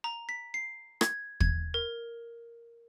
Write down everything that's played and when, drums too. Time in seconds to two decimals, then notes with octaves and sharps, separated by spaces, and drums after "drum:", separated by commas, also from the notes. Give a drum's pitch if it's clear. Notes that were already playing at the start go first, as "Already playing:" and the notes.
0.04 A#5
0.29 B6
0.54 C7
1.01 G#6, drum: rim click
1.40 G#6, drum: kick
1.74 A#4